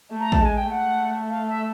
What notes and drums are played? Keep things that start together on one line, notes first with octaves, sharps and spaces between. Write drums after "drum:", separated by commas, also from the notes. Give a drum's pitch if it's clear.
A3
A#5
A5, drum: kick A1
G#3 G#5
G5
A3 F#5
F5
E5